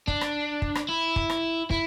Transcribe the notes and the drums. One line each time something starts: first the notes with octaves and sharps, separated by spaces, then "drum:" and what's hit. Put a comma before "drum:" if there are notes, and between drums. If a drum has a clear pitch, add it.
D4, drum: kick
drum: rim click
drum: kick
drum: rim click
E4
drum: kick
drum: rim click
E4, drum: kick